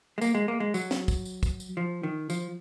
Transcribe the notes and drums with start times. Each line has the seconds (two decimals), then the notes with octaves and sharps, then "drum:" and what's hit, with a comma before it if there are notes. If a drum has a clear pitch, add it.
0.18 G#3
0.21 A#3, drum: tambourine
0.35 G#3
0.48 A#3
0.60 G#3
0.74 F#3, drum: tambourine
0.91 drum: snare
1.08 drum: kick, tambourine
1.25 drum: tambourine
1.43 drum: kick, tambourine
1.60 drum: tambourine
1.77 F3
2.03 D#3
2.30 F3, drum: tambourine